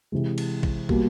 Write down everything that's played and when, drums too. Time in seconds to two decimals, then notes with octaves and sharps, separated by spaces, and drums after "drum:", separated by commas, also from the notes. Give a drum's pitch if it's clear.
0.12 C3 E3 G#3
0.38 drum: cymbal
0.63 drum: kick
0.89 B2 G3 A#3, drum: kick